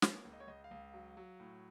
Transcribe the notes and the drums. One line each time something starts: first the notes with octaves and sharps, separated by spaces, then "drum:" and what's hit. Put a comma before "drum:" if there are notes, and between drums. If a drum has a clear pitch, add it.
A#3 C#5, drum: snare
C#2
D#5
C#5
C#2 D#5
F5
C#2
F#3
F#3
A2